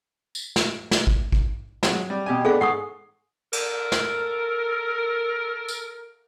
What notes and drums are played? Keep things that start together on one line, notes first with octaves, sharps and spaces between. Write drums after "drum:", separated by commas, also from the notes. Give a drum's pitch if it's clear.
drum: tambourine
drum: snare
drum: snare
drum: kick
drum: kick
F#3 G#3, drum: snare
G3
B2 G4 G#5
B3 D4 G#4 A4 F5
G#2 F#5 C#6 D#6
A4 A#4, drum: cymbal
drum: snare
drum: tambourine